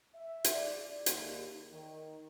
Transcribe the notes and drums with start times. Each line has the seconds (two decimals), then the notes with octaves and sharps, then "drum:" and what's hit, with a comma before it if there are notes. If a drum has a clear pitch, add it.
0.15 E5
0.44 drum: hi-hat
0.54 D5
1.06 D#2, drum: hi-hat
1.72 D#3